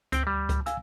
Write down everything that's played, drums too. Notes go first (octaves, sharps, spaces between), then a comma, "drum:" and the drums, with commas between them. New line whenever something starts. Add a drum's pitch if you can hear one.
D2 C4 G5, drum: kick C#2, hi-hat
G3
drum: kick C#2, hi-hat
F5 G#5 E6, drum: hi-hat